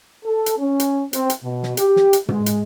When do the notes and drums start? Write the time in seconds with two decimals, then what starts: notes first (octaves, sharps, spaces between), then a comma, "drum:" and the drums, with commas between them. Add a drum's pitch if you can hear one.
0.25 A4
0.46 drum: hi-hat
0.57 C#4
0.80 drum: hi-hat
1.13 C4, drum: hi-hat
1.30 drum: hi-hat
1.43 B2
1.63 drum: snare
1.77 G4, drum: hi-hat
1.96 drum: snare
2.13 drum: hi-hat
2.29 G#3, drum: tom
2.46 drum: hi-hat